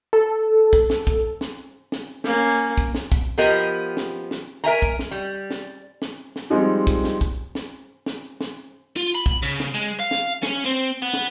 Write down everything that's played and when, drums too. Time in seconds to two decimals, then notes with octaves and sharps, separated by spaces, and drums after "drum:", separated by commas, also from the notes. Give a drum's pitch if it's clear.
0.13 A4
0.73 drum: kick
0.90 drum: snare
1.07 drum: kick
1.41 drum: snare
1.92 drum: snare
2.24 A#3 C#4, drum: snare
2.78 drum: kick
2.95 drum: snare
3.12 drum: kick
3.38 F3 B3 G4 A#4 D#5
3.97 drum: snare
4.31 drum: snare
4.64 A#4 E5 G#5 A#5
4.82 drum: kick
4.99 drum: snare
5.11 G3
5.50 drum: snare
6.02 drum: snare
6.36 drum: snare
6.50 F3 G3 G#3 C4 D#4
6.87 drum: kick
7.04 drum: snare
7.21 drum: kick
7.55 drum: snare
8.06 drum: snare
8.41 drum: snare
8.96 F4
9.15 B5
9.26 drum: kick
9.43 C#3
9.60 drum: snare
9.74 G#3
9.99 F5
10.11 drum: snare
10.43 C#4, drum: snare
10.65 C4
11.02 B3
11.14 drum: snare